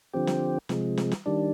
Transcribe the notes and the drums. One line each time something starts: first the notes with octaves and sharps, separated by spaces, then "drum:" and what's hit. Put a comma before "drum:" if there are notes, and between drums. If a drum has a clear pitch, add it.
D3 F3 C4 G4
drum: snare
C3 F3 G#3, drum: snare
drum: snare
drum: snare
D#3 G3 D4